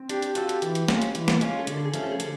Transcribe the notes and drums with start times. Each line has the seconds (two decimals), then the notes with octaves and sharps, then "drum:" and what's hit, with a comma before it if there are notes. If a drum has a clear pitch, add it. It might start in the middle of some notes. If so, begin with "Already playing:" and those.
Already playing: C4
0.09 D4 G4, drum: hi-hat
0.22 G4, drum: hi-hat
0.35 F4 F#4 A4, drum: hi-hat
0.49 G4, drum: hi-hat
0.62 E3, drum: hi-hat
0.75 drum: hi-hat
0.88 G#3 C#4 F4, drum: snare
1.02 drum: hi-hat
1.15 E3, drum: hi-hat
1.28 drum: snare
1.41 G#3 C#4 F4, drum: hi-hat
1.59 A4
1.67 D3 G#4, drum: hi-hat
1.77 A4
1.85 G#4
1.94 F3 A3 C#4, drum: hi-hat
2.03 A4
2.11 G#4
2.20 D3 A4, drum: hi-hat